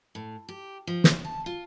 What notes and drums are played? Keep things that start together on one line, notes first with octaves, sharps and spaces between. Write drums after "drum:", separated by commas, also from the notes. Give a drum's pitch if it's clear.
A2
G4
F3
drum: snare
A5
F4